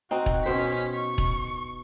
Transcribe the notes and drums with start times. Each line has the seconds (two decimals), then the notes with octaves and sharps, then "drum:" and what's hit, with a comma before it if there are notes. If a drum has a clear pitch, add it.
0.11 C4 D#4 F#4
0.26 drum: kick E1
0.46 B2 C#4 C5 B6
0.95 C#6
1.18 drum: kick E1